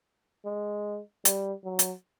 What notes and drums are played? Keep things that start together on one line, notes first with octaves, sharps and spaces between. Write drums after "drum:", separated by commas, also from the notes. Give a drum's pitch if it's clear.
G#3
G3, drum: hi-hat
F#3
drum: hi-hat